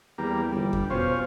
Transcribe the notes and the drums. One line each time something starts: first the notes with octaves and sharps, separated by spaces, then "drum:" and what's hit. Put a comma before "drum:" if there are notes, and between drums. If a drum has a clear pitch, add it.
E2 G3 A#3
G1 G3
drum: kick E2
B2 C#4 F4 C5